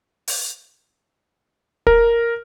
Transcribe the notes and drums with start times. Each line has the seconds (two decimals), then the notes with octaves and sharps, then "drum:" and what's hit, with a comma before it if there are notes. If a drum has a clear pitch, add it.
0.28 drum: open hi-hat
1.87 A#4, drum: kick